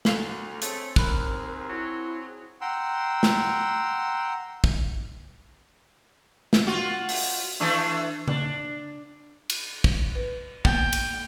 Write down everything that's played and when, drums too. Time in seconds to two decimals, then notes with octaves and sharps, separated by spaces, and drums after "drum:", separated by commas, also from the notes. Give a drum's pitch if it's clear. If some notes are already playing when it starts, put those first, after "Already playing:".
0.05 D2 A4 F5 F7, drum: snare
0.62 A3 C4 G#4 C#5, drum: hi-hat
0.96 D#2 A#4 B5 F#6, drum: kick
1.69 F#3 E4
2.61 F#5 G5 A#5 C6 E6
3.23 drum: snare
4.64 drum: kick
6.53 drum: snare
6.67 F4 F#4
7.09 drum: open hi-hat
7.60 E3 A3 D4
8.28 D4, drum: tom C#3
9.50 drum: cymbal
9.84 drum: kick
10.15 B4
10.65 A#3 B3 G5, drum: kick
10.93 drum: cymbal